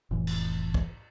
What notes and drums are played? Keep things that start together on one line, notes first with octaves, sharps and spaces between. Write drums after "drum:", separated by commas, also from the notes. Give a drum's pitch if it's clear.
F1 A2 E3
drum: cymbal
drum: kick